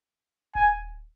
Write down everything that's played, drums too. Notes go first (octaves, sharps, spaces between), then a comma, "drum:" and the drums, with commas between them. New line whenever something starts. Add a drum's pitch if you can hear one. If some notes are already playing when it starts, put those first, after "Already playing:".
G#5, drum: kick D#1